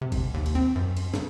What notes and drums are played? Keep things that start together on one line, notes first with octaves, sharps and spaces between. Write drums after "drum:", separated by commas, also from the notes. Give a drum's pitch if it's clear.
C3
drum: kick G#1, cymbal
D#2
drum: cymbal
C4
F#2
drum: cymbal
G2, drum: snare